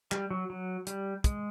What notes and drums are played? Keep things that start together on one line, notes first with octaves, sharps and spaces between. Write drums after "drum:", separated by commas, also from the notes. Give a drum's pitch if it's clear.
G3, drum: clap
F#3
F#3
G3, drum: hi-hat
G#3, drum: kick, hi-hat